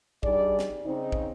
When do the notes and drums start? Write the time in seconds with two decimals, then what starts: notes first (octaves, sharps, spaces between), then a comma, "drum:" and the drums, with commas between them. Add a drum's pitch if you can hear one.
0.23 G3 D4 D#4 G#4 D5, drum: kick
0.59 drum: snare
0.86 C#3 C4 D#4
1.12 drum: kick